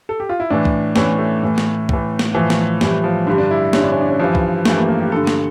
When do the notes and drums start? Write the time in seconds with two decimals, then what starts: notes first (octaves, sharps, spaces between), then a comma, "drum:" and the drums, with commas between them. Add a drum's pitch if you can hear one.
0.09 A4
0.20 G4
0.29 F4
0.40 E4
0.50 A2 E3 D4
0.65 drum: kick
0.96 A2 E3 C#4, drum: snare
1.19 A3
1.43 A2 E3
1.58 drum: snare
1.89 A2 E3, drum: kick
2.19 drum: snare
2.34 A2 E3 F3
2.50 drum: snare
2.81 A2 E3 G3, drum: snare
3.04 F3
3.27 G2 D3 G3
3.38 D4
3.51 E4
3.73 G2 D3 C#4, drum: snare
3.83 D4
3.92 C#4
4.01 D4
4.10 C#4
4.19 G2 E3 F3
4.35 drum: kick
4.65 G2 E3 A3, drum: snare
4.77 A#3
4.88 A#3
5.00 G4
5.12 G2 D3 A4
5.27 drum: snare